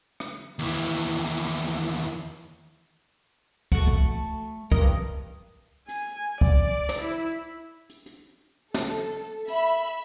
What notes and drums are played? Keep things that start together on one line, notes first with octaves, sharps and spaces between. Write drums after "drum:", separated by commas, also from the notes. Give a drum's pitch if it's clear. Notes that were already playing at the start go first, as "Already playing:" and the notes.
drum: rim click
D#2 E3
A3 F#4, drum: kick
drum: kick
G2 A#4 D#5, drum: kick
G#5, drum: hi-hat
D5, drum: kick
drum: snare
E4
drum: hi-hat
drum: hi-hat
A4, drum: snare
E5 B5, drum: hi-hat